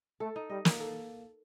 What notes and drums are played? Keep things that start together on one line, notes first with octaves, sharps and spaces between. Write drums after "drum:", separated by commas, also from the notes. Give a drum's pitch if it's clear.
A3 A4
D#4
G3 D#5
A#3, drum: snare
A4